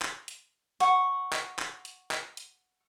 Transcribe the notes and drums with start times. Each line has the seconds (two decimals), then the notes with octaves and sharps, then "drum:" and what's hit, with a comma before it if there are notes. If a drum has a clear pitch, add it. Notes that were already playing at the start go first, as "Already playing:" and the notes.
0.02 drum: clap
0.28 drum: hi-hat
0.80 F#5 C#6, drum: hi-hat
1.33 drum: clap
1.59 drum: clap
1.85 drum: hi-hat
2.11 drum: clap
2.37 drum: hi-hat